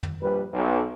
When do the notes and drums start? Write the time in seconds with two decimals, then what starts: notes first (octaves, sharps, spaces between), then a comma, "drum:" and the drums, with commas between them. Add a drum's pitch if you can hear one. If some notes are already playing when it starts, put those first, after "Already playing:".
0.03 drum: tom
0.21 A#1 G3 B4
0.53 B1